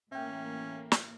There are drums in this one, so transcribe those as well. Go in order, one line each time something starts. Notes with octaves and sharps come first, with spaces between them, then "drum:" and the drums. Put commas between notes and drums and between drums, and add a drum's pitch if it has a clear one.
A2 E3 A#3 C#4 E5 G5
drum: snare